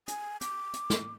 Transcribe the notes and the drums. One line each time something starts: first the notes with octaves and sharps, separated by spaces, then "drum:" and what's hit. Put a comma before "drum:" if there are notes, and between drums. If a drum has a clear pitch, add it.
G#5, drum: hi-hat
D6, drum: hi-hat
drum: hi-hat
drum: snare